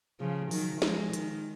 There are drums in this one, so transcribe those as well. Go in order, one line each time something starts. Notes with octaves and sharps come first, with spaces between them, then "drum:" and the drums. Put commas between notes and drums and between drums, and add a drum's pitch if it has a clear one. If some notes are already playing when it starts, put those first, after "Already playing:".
C#3 F3
D#3 F#3, drum: open hi-hat
F3 G#3, drum: snare
D#3, drum: hi-hat